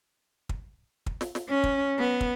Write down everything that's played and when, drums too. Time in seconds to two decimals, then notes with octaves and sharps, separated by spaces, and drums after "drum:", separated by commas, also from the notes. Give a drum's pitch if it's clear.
0.49 drum: kick
1.06 drum: kick
1.21 drum: snare
1.35 drum: snare
1.49 C#4
1.64 drum: kick
1.99 B3
2.21 drum: kick